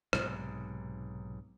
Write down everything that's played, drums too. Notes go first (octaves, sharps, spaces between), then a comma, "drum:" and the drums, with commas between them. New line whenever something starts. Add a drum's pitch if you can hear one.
B1 G#2 C3, drum: rim click